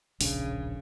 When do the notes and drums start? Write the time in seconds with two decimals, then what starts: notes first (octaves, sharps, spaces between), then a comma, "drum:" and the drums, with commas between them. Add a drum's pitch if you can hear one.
0.21 D1 A#1 C#3 D4, drum: open hi-hat